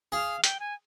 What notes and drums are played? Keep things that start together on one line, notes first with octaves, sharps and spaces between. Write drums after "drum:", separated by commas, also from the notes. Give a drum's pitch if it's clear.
G#4 F5
G5, drum: hi-hat
G#5